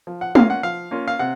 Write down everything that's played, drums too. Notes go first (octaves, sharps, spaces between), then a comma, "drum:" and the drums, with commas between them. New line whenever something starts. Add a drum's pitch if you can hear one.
F3
F#5
A#3 C#4 F4 F5, drum: tom
F#5
F3 F5
A#3 C#4 F4
F5
C3 F#5